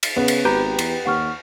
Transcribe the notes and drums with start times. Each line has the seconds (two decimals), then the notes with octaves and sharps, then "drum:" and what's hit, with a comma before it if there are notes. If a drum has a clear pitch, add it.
0.03 drum: cymbal
0.16 C#3 B3
0.28 drum: cymbal
0.45 G#1 G4 B4 G5 A#5
0.79 E2, drum: cymbal
1.05 D#2 F#5 C#6 F6